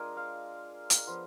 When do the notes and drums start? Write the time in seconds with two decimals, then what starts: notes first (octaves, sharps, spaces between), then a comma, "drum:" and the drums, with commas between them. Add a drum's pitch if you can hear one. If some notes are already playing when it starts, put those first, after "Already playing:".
Already playing: G#3 D4 F4 G#4 A#4
0.17 F5
0.90 drum: hi-hat
1.07 F3 B3 F4